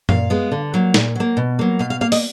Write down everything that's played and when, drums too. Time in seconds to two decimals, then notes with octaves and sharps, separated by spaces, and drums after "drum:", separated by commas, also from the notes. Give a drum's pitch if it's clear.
0.09 A#2 F5, drum: tom F#2
0.30 G#3 B3
0.52 D3
0.74 F#3 A#3
0.94 A#2, drum: snare
1.16 F#3 A#3
1.37 B2
1.59 F#3 A#3
1.79 B2 F5
1.90 F5
2.01 A#3 F5
2.12 D#5, drum: open hi-hat